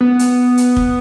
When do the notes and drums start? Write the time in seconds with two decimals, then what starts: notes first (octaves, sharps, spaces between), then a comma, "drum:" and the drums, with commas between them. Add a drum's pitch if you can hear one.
0.01 B3
0.19 drum: hi-hat
0.57 drum: hi-hat
0.77 drum: kick